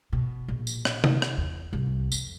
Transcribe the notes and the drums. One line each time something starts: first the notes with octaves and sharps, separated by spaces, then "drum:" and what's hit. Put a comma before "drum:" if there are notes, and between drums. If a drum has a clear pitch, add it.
B2
A#1
drum: tambourine
drum: rim click
drum: tom C3
drum: rim click
E2
C2
F2, drum: tambourine